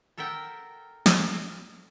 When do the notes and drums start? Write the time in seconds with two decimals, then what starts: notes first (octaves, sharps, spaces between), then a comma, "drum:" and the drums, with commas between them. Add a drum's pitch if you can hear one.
0.18 A4 A#4 E5 F#5 G5
1.06 drum: snare